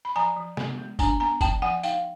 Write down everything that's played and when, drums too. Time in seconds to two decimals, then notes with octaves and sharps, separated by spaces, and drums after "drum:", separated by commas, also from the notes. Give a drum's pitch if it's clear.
0.05 B5
0.16 F3 G#5 A#5
0.36 F3
0.57 B3, drum: snare
0.78 G#3
0.99 D4 G#5 A#5, drum: kick G1, tambourine
1.20 B3 G#5 A#5
1.41 F3 G5 A5, drum: kick G1, tambourine
1.62 F3 F#5 G#5
1.83 D#4 F5 G5, drum: tambourine